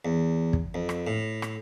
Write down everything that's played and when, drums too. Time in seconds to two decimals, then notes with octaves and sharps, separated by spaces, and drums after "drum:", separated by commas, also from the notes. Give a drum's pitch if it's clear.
0.05 E2
0.53 drum: kick
0.74 F2
0.89 drum: rim click
1.07 A2
1.42 drum: rim click